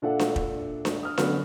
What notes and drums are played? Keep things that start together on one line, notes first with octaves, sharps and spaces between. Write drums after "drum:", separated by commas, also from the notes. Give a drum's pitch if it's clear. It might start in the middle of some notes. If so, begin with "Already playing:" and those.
A#2 D4 A4 E5 F#5
drum: snare D4
drum: kick
drum: snare D4
D#6 F6
D3 F#3 B3 C#4, drum: snare D4